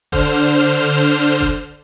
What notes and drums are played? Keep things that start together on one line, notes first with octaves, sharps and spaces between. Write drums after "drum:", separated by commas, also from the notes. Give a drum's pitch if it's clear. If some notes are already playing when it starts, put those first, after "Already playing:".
D3 C5 F6, drum: kick F#1
drum: kick F#1